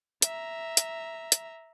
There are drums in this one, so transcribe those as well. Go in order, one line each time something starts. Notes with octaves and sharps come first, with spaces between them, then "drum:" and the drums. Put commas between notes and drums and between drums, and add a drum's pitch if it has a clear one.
E5 A#5, drum: hi-hat
drum: hi-hat
drum: hi-hat